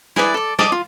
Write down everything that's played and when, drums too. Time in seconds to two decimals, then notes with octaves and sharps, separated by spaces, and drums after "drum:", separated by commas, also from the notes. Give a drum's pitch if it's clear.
0.16 E4 G#4 B4 D5, drum: snare
0.34 A4 D5
0.59 D5 D#5 A5 D6, drum: snare
0.72 F4